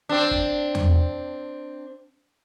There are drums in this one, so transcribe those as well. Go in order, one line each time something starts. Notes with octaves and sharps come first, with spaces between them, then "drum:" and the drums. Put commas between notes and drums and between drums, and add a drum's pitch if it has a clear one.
C4 D4
drum: kick
drum: tom E2